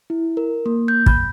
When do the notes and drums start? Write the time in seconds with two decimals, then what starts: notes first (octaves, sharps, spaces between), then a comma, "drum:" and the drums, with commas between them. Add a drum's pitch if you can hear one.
0.10 E4
0.37 A#4
0.66 A#3
0.88 G6
1.06 B5, drum: kick